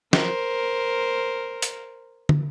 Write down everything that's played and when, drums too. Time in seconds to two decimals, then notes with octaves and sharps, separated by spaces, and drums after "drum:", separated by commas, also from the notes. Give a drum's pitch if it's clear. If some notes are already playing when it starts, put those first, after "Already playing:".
0.13 A#4 C5, drum: snare
1.62 drum: hi-hat
2.29 drum: tom